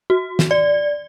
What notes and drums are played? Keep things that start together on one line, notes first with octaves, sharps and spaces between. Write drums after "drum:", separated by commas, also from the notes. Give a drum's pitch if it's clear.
F#4
drum: snare
D5